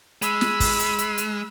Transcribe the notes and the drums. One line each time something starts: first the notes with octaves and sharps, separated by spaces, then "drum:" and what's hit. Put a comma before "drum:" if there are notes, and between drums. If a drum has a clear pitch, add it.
G#3 B5 E6, drum: hi-hat
drum: snare
drum: kick, open hi-hat
drum: hi-hat
drum: hi-hat
drum: hi-hat